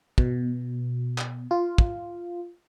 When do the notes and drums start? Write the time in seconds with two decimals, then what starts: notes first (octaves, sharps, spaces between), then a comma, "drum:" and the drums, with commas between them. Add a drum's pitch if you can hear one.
0.18 B2, drum: kick
1.18 drum: clap
1.51 F4
1.78 drum: kick